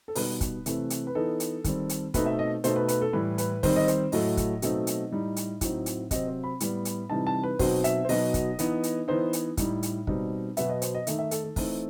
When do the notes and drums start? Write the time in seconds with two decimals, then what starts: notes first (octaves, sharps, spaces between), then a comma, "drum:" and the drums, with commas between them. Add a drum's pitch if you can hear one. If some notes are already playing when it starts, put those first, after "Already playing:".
0.08 A4
0.15 B2 G3 B3 D#4 B4, drum: open hi-hat
0.41 drum: kick, hi-hat
0.66 C3 E3 A3 C4, drum: hi-hat
0.90 drum: hi-hat
1.07 B4
1.15 E3 B3 D#4 A4
1.40 drum: hi-hat
1.64 D#3 G3 C4, drum: kick, hi-hat
1.89 drum: hi-hat
2.14 B2 A3 C4 D#4 B4, drum: kick, hi-hat
2.26 E5
2.39 D#5
2.64 B2 A3 D#4 C5, drum: hi-hat
2.76 B4
2.88 B4, drum: hi-hat
3.02 A4
3.13 A2 E3 G3 B4
3.38 B4, drum: hi-hat
3.63 D#3 G3 C4 D#4 C5, drum: kick, open hi-hat
3.76 D#5
3.88 C5, drum: hi-hat
4.12 A2 F#3 A3 D#5, drum: open hi-hat
4.37 drum: kick, hi-hat
4.62 B2 F#3 A3 C4 D#4, drum: hi-hat
4.87 drum: hi-hat
5.11 A2 G3 D#4
5.36 drum: hi-hat
5.61 A2 F#3 C4 D#4, drum: kick, hi-hat
5.86 drum: hi-hat
6.11 C3 F#3 C4 D#5, drum: kick, hi-hat
6.27 C5
6.44 B5
6.60 A2 G3 B3, drum: hi-hat
6.85 drum: hi-hat
7.10 C3 E3 G3 D#4 A5
7.27 A5
7.44 B4
7.59 B2 F#3 C4 D#4 C5, drum: kick, open hi-hat
7.84 E5, drum: hi-hat
8.05 C5
8.09 B2 F#3 B3 D#4 D#5, drum: open hi-hat
8.34 drum: kick, hi-hat
8.59 E3 B3 D#4, drum: hi-hat
8.83 drum: hi-hat
9.08 E3 B3 D#4 C5
9.33 drum: hi-hat
9.57 A2 G3 D#4, drum: kick, hi-hat
9.83 drum: hi-hat
10.07 B2 G3 C4 D#4, drum: kick
10.57 B2 F#3 B3 E5, drum: hi-hat
10.69 D#5
10.82 C5, drum: hi-hat
10.95 D#5
11.07 D#3 A3 D#4 E5, drum: hi-hat
11.19 E5
11.31 A4, drum: hi-hat
11.44 A4
11.56 E3 A3 C4 D#4, drum: kick, open hi-hat